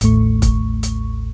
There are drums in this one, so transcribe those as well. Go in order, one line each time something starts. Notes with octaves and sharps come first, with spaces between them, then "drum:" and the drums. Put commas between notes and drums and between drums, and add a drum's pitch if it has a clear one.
A1 D#2 A2 A3 C#6, drum: hi-hat
drum: kick, hi-hat
drum: hi-hat